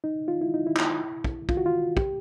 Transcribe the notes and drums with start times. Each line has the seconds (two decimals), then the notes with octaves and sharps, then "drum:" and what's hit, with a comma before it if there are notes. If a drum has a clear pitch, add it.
0.04 D#4
0.28 F4
0.41 E4
0.54 D#4
0.67 E4
0.76 drum: clap
1.24 drum: kick
1.49 F4, drum: kick
1.57 F#4
1.66 F4
1.97 G4, drum: kick